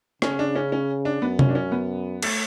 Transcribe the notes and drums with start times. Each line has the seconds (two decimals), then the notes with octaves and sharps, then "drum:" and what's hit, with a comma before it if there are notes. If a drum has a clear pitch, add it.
0.22 C#3 C#4, drum: rim click
0.39 D4
0.55 C#4
0.72 C#4
1.05 D4
1.22 F#2 B3
1.39 C#4, drum: tom C3
1.49 D4
1.55 C#4
1.72 B3
2.23 A3, drum: cymbal